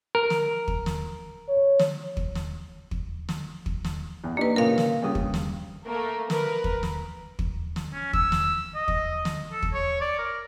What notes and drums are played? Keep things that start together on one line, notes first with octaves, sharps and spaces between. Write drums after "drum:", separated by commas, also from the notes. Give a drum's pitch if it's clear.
A#4
drum: snare
drum: kick
drum: snare
C#5
drum: snare
drum: kick
drum: snare
drum: kick
drum: snare
drum: kick
drum: snare
E2
A#3 D4 D#4 G4 B4
A#2 C#3 A#4 F5
drum: snare
G2 C#3 D#6
drum: kick
drum: snare
A3 A#3 A#4
A#4 B4, drum: snare
drum: kick
drum: snare
drum: kick
drum: snare
C#4
E6, drum: kick
drum: snare
D#5
drum: kick
drum: snare
A4
drum: kick
C#5
D5
A#4